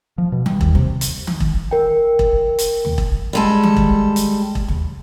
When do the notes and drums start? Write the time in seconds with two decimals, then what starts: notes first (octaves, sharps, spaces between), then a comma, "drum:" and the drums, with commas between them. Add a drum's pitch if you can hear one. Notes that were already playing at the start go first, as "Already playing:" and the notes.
0.18 F3
0.32 B2
0.46 G3, drum: tom D#3
0.61 D#2, drum: kick E1
0.75 C3, drum: tom
1.01 drum: hi-hat
1.27 drum: tom D#3
1.40 drum: kick E1
1.71 A#4 G5
2.19 drum: kick E1
2.58 drum: hi-hat
2.85 drum: tom
2.98 drum: kick E1
3.33 G3 G#3 A4
3.63 drum: tom D#3
3.77 drum: kick E1
4.16 drum: hi-hat
4.55 drum: kick E1
4.68 drum: tom